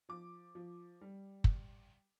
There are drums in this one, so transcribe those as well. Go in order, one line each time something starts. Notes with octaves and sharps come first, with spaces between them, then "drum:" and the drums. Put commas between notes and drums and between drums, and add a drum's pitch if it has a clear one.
F3 D6
F3
G3
drum: kick